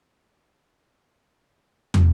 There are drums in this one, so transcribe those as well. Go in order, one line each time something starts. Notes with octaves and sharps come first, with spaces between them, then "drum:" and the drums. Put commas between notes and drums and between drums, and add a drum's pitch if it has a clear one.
D3 B3
D#5 F#5
C#4
drum: tom